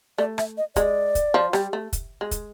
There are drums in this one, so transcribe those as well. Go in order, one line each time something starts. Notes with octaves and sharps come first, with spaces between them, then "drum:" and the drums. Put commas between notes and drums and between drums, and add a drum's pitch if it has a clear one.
A3 D5
E5, drum: rim click
D#5
G#3 D5, drum: kick, hi-hat
drum: kick, hi-hat
F3
G3, drum: rim click
A3
drum: kick, hi-hat
G#3
drum: kick, hi-hat